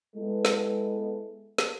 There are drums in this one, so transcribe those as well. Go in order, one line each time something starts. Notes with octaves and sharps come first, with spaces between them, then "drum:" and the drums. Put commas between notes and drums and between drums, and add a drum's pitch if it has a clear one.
G#3 B3 E4 A4
drum: snare
drum: snare